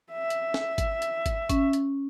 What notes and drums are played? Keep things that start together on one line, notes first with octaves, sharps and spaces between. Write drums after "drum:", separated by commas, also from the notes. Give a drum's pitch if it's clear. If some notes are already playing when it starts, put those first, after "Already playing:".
E5
drum: hi-hat
drum: snare
drum: kick G#1, hi-hat
drum: hi-hat
drum: kick G#1, hi-hat
C#4, drum: kick G#1, hi-hat
drum: hi-hat